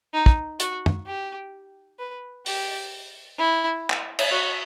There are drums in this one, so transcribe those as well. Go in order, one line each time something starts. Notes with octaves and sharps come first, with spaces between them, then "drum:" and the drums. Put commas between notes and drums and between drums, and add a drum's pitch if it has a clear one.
D#4
drum: kick
F#4, drum: hi-hat
drum: tom
G4
B4
G4, drum: open hi-hat
E4
drum: clap
drum: cymbal
F#4